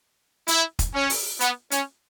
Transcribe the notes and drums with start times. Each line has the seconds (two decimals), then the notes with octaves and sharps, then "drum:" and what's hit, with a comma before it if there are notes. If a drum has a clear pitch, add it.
0.48 E4, drum: hi-hat
0.79 drum: kick, hi-hat
0.95 C#4
1.10 drum: open hi-hat
1.41 B3, drum: hi-hat
1.71 C#4, drum: hi-hat